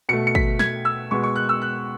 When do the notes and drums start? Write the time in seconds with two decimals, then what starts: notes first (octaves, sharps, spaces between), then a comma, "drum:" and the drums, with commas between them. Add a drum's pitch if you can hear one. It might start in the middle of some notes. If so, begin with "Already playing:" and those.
0.09 B2 A3 C#7
0.27 C#7
0.35 B6, drum: kick
0.59 G#6, drum: snare
0.85 E6
1.11 B2 G#3 B3 C#6
1.24 C#6
1.36 F#6
1.49 E6
1.62 F#6